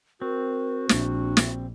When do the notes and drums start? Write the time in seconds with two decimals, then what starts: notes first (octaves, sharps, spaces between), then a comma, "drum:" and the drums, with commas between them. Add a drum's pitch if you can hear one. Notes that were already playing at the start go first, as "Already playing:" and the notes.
0.22 C4 F#4 A#4
0.89 A#1 D4, drum: snare
1.37 drum: snare